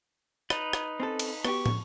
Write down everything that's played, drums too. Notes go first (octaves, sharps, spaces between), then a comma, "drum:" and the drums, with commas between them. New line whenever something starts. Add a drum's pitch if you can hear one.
D#4 B4, drum: rim click
drum: rim click
C4 C#4 A4
drum: cymbal
B3 F#4 G4 C#6, drum: rim click
drum: tom